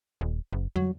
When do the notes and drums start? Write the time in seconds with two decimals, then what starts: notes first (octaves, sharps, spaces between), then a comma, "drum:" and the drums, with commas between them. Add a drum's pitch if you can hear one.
0.21 D#1
0.53 F#1
0.76 F#3, drum: tom F2